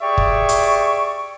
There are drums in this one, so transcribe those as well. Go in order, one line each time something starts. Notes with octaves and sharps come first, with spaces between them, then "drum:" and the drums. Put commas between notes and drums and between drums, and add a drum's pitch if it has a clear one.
G4 G#4 D5 E5 C#6
drum: kick
drum: hi-hat